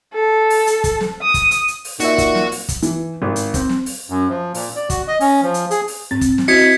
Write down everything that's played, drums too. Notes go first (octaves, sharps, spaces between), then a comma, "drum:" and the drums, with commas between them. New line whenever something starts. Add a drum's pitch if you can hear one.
A4
drum: open hi-hat
drum: hi-hat
drum: kick, hi-hat
drum: snare
D#6
drum: kick, hi-hat
drum: hi-hat
drum: hi-hat
drum: open hi-hat
A#2 D#4 F#4 E5, drum: hi-hat
drum: kick, hi-hat
drum: snare
drum: open hi-hat
drum: kick, hi-hat
E3, drum: hi-hat
G#1
drum: hi-hat
C4, drum: kick, hi-hat
drum: snare
drum: open hi-hat
F#2
F3
A#2, drum: open hi-hat
D5
F#4, drum: kick, hi-hat
D#5
C#4, drum: open hi-hat
F3
drum: hi-hat
G#4, drum: hi-hat
drum: open hi-hat
G#2 C4 A6
drum: kick, hi-hat
drum: snare
C4 E4 F#4 D#5 G#6 B6 C#7